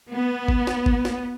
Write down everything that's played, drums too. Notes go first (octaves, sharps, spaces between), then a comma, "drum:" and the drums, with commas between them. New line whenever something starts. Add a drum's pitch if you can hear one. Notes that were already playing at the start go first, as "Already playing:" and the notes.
B3
drum: kick G1
drum: snare
drum: kick G1
drum: snare